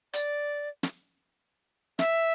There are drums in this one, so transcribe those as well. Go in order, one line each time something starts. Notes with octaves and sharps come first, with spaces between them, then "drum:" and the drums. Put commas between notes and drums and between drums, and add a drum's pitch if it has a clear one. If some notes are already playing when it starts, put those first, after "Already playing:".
D5, drum: hi-hat
drum: snare
E5, drum: snare